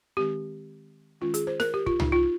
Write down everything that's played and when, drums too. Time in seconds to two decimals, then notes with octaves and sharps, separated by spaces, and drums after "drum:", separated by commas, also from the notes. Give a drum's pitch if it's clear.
0.17 D#3 G#3 C4 G4
1.21 D#3 G#3 C#4 F4
1.34 G#4, drum: hi-hat
1.47 C5
1.60 A#4, drum: snare
1.74 G4
1.86 F4, drum: kick
2.00 D#4, drum: tom
2.12 F4